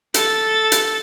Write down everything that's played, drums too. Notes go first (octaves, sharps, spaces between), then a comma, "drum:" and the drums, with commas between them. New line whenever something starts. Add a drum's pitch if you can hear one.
A4 A6, drum: hi-hat
drum: hi-hat